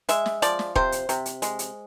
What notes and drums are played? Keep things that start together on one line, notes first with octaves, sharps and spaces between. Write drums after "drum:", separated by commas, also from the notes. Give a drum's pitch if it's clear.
G#3 E5, drum: hi-hat
drum: snare
F3 D5, drum: hi-hat
drum: snare
C3 C5, drum: kick D#1
drum: hi-hat
C3, drum: hi-hat
drum: hi-hat
G#3, drum: hi-hat
drum: hi-hat